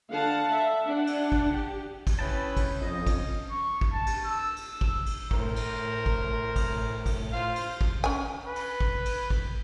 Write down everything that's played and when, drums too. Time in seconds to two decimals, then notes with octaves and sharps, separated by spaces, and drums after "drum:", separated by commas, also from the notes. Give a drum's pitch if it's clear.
0.12 D3 F5 F#5 A5
0.52 E5
0.88 D4 F#5
1.07 drum: cymbal
1.32 drum: kick
1.52 G4
2.07 drum: kick, cymbal
2.19 C#4 E4 G#4 B4 C#5 G5 A5
2.57 drum: kick, cymbal
2.82 F2 D#5
3.07 drum: kick, cymbal
3.50 C#6
3.81 drum: kick
3.92 A5
4.06 drum: cymbal
4.26 E6
4.56 drum: cymbal
4.81 drum: kick
5.06 drum: cymbal
5.31 A2 A#4 C5 A#5, drum: kick
5.56 drum: cymbal
6.06 drum: kick
6.56 drum: kick, cymbal
7.06 drum: kick, cymbal
7.33 F4 C5 F5
7.56 drum: cymbal
7.81 drum: kick
8.04 C#4 G#5
8.46 B4
8.56 drum: cymbal
8.81 drum: kick
9.05 drum: cymbal
9.30 drum: kick